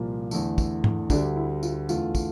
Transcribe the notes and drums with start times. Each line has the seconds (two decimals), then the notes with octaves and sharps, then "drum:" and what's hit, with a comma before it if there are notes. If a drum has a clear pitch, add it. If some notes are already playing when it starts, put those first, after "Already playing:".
Already playing: C2 A#2 F3 A#3
0.31 E2 D3 A3, drum: tambourine
0.58 drum: kick, tambourine
0.84 drum: tom G#2
1.10 D2 D3 G3 D4, drum: kick, tambourine
1.36 E4
1.63 F4, drum: tambourine
1.89 E2 D3 A3 F4, drum: tambourine
2.15 drum: kick, tambourine